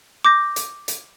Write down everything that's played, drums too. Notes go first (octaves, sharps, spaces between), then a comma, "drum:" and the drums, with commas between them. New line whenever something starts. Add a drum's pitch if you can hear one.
D6 G6 A#6
drum: hi-hat
drum: hi-hat